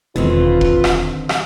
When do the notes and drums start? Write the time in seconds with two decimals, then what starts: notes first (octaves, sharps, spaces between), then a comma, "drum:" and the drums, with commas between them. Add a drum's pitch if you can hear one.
0.16 E1 D3 D#3 C4 F4 B4
0.61 drum: kick F1
0.84 drum: rim click
1.29 drum: rim click